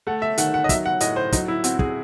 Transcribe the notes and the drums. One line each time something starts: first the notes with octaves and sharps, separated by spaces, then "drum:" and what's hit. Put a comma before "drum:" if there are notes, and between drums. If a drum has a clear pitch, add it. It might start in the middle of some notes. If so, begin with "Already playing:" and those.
A3 F#5
E5
D#3 F#5, drum: hi-hat
F#5
D#5
F#3 E5, drum: kick, hi-hat
F#5
A2 D#5, drum: hi-hat
C5
F#3 D#4, drum: kick, hi-hat
E4
C4 F#4, drum: hi-hat
G#4, drum: kick